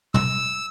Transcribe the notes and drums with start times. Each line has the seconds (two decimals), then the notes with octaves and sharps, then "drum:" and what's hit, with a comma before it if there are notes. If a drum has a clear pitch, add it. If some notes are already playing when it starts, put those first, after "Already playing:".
0.14 E6, drum: tom